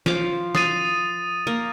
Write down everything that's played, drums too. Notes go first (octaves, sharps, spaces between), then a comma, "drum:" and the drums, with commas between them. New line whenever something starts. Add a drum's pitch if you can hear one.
F3 D6, drum: snare
C6 D#6 A6 D#7, drum: snare
A#3